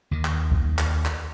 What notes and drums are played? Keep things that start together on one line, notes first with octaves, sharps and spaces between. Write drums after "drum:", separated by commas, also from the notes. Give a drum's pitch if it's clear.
D#2 D#3
drum: clap
drum: kick
drum: clap
drum: clap